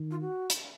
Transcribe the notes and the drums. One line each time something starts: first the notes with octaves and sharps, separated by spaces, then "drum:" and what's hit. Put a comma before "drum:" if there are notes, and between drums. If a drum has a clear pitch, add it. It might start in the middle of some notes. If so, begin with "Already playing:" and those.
Already playing: D#3
F4
F#4
drum: hi-hat